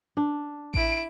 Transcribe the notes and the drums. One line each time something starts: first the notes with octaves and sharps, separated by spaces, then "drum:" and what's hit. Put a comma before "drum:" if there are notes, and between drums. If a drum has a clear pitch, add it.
D4
E4 D7, drum: kick A1